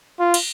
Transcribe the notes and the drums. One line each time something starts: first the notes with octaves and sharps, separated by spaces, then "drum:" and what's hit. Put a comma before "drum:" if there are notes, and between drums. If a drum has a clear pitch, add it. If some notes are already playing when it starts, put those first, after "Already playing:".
F4
drum: cymbal